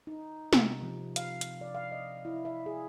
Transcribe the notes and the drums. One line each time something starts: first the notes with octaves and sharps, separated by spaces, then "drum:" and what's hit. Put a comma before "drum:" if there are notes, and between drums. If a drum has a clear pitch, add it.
D#4
C3, drum: snare
F3
F5, drum: hi-hat
drum: hi-hat
D5
F5
D#5
E4
E5
G#4